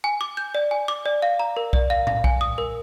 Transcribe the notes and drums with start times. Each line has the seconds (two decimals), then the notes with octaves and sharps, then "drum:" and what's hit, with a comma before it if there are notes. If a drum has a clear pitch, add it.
0.04 G#5
0.21 D6
0.37 G6
0.55 D5
0.71 G#5
0.88 D6
1.06 D5
1.22 F5
1.39 A#5
1.57 A#4
1.73 D5, drum: kick B1
1.90 F5
2.07 F5, drum: tom A2
2.24 G#5, drum: kick B1
2.41 D#6
2.58 A#4